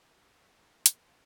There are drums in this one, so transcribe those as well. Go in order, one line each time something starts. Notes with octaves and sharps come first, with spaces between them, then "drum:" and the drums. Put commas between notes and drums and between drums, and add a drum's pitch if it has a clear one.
D#6 E7
C#6 E6 F#6 G6 B6
C#5 A5 A#5
G5 D#6 F6 B6
E5 A#5 D6 F6 G#6, drum: hi-hat
C#5 F5 A5 C6 F7